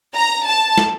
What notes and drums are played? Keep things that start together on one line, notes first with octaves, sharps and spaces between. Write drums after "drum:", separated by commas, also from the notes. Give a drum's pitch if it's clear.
A#5
A5
drum: snare